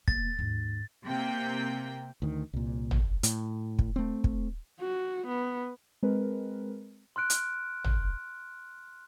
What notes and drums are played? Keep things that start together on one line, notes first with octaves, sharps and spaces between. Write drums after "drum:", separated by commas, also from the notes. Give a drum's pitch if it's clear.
E2 A#3 A6, drum: kick
D#2 G#2
C3 A#3 G5
D2 D#3
C2 A#2
drum: tom
A2, drum: hi-hat
drum: kick
A3 C4
drum: kick
F#4
B3
G#3 C4 A#4 B4
C6 F6 F#6 D7
drum: hi-hat
drum: tom